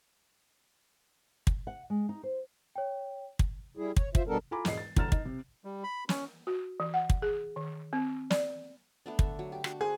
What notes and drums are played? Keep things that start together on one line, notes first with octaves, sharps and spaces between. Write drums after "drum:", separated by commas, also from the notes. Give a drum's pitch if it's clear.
drum: kick
F#5
G#3
D#4
C5
C#5 G5
drum: kick
G3 E4 G#4
C#5, drum: kick
F4 C5 E5, drum: kick
B2 G3 B3 D4 A4 A#4
F4 A4 G#5 A#5 B5 D6
E1 G#2 G#4 D#5 C7, drum: snare
A6
E1 D3 A#5 F6 A6 E7, drum: kick
D#4, drum: kick
C3
G3
B5
C#4, drum: snare
F#4
E3
F#5
drum: kick
G#4
D#3
C4
D5, drum: snare
A3 B3 D4
D3 E5, drum: kick
F#3
G4
D4 F#4, drum: rim click
G#4 C5